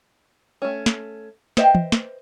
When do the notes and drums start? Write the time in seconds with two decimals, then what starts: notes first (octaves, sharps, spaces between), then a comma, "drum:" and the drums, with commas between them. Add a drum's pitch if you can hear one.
0.62 A3 C#4
0.86 drum: snare
1.57 B4 C5 D#5 E5 G5, drum: snare
1.75 drum: tom
1.92 drum: snare